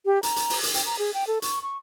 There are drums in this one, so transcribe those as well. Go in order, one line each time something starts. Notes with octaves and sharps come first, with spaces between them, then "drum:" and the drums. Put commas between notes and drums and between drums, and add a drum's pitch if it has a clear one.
G4
A#5, drum: hi-hat
drum: hi-hat
drum: open hi-hat
drum: hi-hat
G5, drum: hi-hat
A#5
G#4
G5
A4
C#6, drum: hi-hat
C#6